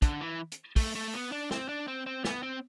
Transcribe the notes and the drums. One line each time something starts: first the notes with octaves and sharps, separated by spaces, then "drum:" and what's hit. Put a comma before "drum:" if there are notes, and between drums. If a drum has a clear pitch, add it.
D3, drum: kick, hi-hat
E3
drum: hi-hat
A3, drum: kick, open hi-hat
A3
B3
D4
C4, drum: snare
D4
C4
C4
B3, drum: snare
C4